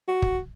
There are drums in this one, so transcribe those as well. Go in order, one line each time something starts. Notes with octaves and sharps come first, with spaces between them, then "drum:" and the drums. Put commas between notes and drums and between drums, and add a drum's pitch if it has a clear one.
F#4
drum: kick